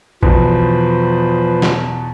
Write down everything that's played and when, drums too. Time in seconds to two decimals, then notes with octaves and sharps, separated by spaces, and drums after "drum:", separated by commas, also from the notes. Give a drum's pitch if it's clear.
0.23 E2 B2 F3 B4 C5, drum: kick A#1
1.62 drum: snare